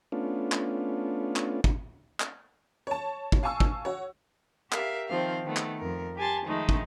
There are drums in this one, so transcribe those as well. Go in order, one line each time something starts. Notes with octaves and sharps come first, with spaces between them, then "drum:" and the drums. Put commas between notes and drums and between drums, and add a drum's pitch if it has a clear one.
A3 B3 C#4 D4 F4
drum: clap
drum: clap
drum: kick
drum: clap
C#5 A5
drum: kick
F5 G#5 A5 C#6 E6
drum: kick
F#4 C#5
G4 A#4 E5 F5, drum: clap
D#3 F3 C4 F5
D#3 A3 B3
drum: clap
F2 A#4
G4 G#5 A5 C6
D#3 F3 G#3 A3 D#4
drum: kick